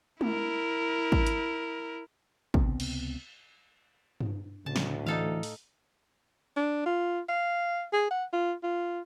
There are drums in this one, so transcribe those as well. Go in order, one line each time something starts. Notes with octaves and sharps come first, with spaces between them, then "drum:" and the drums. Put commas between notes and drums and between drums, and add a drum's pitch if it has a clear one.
E4 A#4, drum: tom G#3
drum: kick
drum: hi-hat
C#2 C3 B3 C4, drum: kick
drum: cymbal
drum: tom G2
D2 A2 C#3 A5
drum: snare
E3 D#4 A4 F5
drum: open hi-hat
D4
F4
F5
G#4
F#5
F4
F4